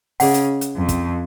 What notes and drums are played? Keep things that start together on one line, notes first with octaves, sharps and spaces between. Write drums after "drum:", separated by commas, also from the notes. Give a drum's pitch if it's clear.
C#3 G#4 D#5 F#5, drum: open hi-hat
drum: hi-hat
drum: hi-hat
F2
drum: kick, hi-hat